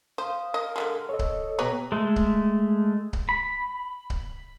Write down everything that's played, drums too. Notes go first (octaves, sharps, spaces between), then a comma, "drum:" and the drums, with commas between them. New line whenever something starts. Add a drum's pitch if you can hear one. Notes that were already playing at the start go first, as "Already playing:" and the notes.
C5 F5 D#6
A#4 D#5
D3 G3 G#3
A4 C#5 D#5
drum: kick C#1
B2 B3 G4 B4 C#5 A#5
G#3 A3
drum: kick C#1
drum: kick C#1
B5
drum: kick C#1